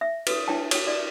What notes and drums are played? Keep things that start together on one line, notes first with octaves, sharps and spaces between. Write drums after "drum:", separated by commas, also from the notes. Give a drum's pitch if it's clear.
E5
A4 B4, drum: cymbal
D4 E4 C#5 G5 A5
C#5 G5, drum: cymbal
D5